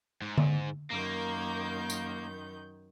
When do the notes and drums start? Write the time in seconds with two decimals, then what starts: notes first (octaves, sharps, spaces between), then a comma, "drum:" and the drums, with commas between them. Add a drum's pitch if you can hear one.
0.22 G#2
0.38 drum: tom D3
0.90 F#2 D#3 A#3 G6
1.90 drum: tambourine